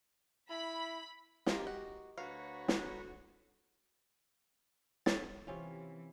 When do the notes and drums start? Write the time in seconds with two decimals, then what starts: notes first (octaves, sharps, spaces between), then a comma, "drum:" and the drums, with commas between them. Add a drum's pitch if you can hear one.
0.50 E4 B5
1.46 A#3 F4 G4 A#4 D#5, drum: snare
1.67 F#4
2.18 D2 F#4 B4 C#5 F5 A#5
2.68 drum: snare
5.06 A4 C#5 A6, drum: snare
5.47 C3 E3 C#4 F4